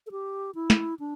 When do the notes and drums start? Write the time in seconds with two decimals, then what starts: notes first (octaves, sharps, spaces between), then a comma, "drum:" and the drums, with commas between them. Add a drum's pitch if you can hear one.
0.07 A4
0.11 G4
0.55 E4
0.70 drum: snare
1.00 D4